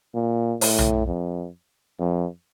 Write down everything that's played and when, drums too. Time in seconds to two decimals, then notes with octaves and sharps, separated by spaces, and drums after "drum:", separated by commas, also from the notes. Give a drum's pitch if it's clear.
0.14 A#2
0.61 A2, drum: open hi-hat
0.78 drum: tom B1
1.07 F2
2.00 F2